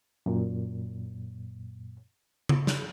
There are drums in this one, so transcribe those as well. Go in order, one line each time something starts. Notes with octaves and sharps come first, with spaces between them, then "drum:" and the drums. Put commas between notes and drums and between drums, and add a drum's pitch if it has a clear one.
F#2 A#2
drum: tom C#3
drum: snare